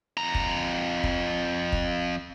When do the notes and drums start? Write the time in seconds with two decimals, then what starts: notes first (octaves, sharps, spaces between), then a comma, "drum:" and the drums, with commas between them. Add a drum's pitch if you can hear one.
0.17 F2 A#5
0.35 drum: kick
1.04 drum: kick
1.72 drum: kick